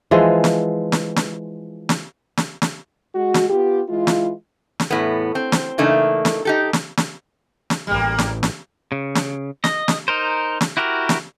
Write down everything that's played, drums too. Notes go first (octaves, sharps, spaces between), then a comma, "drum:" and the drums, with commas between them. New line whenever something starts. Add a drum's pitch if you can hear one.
E3 F3 G#3
drum: snare
drum: snare
drum: snare
drum: snare
drum: snare
drum: snare
G#3 F#4
drum: snare
B3 F4 G4
E3 G#3 E4 F4
drum: snare
drum: snare
E2 A2 B3
C4
drum: snare
C#3 E3 A3 A#3 D4 D#4
drum: snare
D#4 G4 A4
drum: snare
drum: snare
drum: snare
A1 G3 A#3
drum: snare
drum: snare
C#3
drum: snare
D#5, drum: snare
drum: snare
D#4 A#4 C5
drum: snare
E4 F#4 G4 A#4
drum: snare